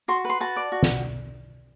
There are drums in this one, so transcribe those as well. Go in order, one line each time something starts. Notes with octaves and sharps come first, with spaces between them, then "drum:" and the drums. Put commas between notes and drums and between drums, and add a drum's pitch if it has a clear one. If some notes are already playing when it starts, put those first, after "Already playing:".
F#4 C6
B4 C6
F#4 A5
D5
F#4
drum: snare